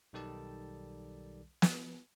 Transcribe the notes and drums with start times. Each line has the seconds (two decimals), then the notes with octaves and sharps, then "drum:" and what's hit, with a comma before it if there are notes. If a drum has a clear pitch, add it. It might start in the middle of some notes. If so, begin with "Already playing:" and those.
0.13 B1 D#3 G3 A4 D5 A5
1.62 drum: snare